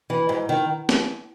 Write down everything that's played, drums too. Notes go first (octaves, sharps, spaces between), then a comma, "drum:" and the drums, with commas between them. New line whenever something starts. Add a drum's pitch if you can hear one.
E3
G#2
D#3
drum: snare